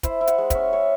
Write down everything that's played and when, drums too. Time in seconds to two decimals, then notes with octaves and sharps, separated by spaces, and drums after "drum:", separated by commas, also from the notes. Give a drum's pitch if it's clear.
0.03 E4 C5, drum: kick, hi-hat
0.21 E4
0.27 F#5, drum: hi-hat
0.38 G#3
0.50 C#4 E5, drum: kick, hi-hat
0.72 C#4 C#5